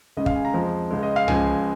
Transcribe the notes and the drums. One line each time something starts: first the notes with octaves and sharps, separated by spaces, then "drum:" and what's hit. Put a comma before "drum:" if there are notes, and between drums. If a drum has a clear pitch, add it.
C#2 C#3 G#3 D#5
F5, drum: kick
G#5
A#5
F2 F3 G#3
C#2 C#3 G#3
D#5
F5
C#2 C#3 F3 G#3 G#5, drum: tom